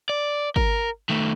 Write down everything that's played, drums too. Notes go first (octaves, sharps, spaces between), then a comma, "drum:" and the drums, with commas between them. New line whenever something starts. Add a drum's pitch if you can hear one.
D5
A#4, drum: kick G#1
D#3 A3